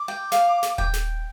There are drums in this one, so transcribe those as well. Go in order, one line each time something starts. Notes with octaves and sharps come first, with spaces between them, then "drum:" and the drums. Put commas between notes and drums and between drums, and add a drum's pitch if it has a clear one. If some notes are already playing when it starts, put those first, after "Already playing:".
Already playing: D6
G5
F5, drum: snare
drum: snare
G5, drum: kick D#1
drum: snare